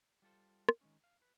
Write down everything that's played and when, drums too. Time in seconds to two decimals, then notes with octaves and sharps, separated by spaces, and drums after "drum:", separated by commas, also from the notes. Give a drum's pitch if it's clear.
0.22 G3 F4 A4 C5
0.69 drum: rim click
0.81 D#3 G#3 C#4
1.04 F5
1.22 B4